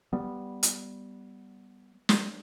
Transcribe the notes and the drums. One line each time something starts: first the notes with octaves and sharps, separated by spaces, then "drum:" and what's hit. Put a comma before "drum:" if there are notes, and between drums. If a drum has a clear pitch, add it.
G3 B3
drum: hi-hat
drum: snare